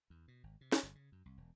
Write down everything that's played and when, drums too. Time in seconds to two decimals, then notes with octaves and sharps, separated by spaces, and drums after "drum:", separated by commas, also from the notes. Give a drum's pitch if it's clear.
0.10 E2
0.28 B2
0.43 G#1
0.61 C3
0.72 drum: snare
0.83 G1
0.95 C#3
1.12 F#2
1.26 C2
1.37 E1